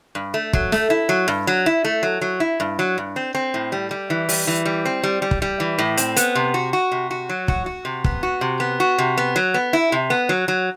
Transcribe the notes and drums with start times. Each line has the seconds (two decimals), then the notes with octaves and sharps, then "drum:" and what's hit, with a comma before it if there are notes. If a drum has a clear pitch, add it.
0.15 G2
0.34 A3
0.53 F#3, drum: kick
0.72 A3, drum: snare
0.90 E4
1.09 F#3
1.28 G2
1.47 F#3
1.66 E4
1.85 A3
2.03 F#3
2.21 F#3
2.40 E4
2.60 G2
2.79 F#3
2.98 G2
3.16 C4
3.35 C4
3.54 A2
3.72 G3
3.91 G3
4.10 E3
4.29 G3, drum: open hi-hat
4.47 E3
4.65 G3
4.85 C4
5.03 G3
5.22 G3
5.31 drum: kick
5.42 G3
5.60 E3
5.78 A2
5.97 C4, drum: hi-hat
6.16 B3, drum: hi-hat
6.35 C3
6.54 F#4
6.73 F#4
6.92 C3
7.11 F#4
7.29 F#3
7.48 F#4, drum: kick
7.66 F#4
7.85 C3
8.04 B3, drum: kick
8.23 F#4
8.41 C3
8.60 B3
8.80 F#4
8.98 C3
9.17 B3
9.36 F#3
9.54 B3
9.73 E4
9.92 C3
10.10 B3
10.29 F#3
10.48 F#3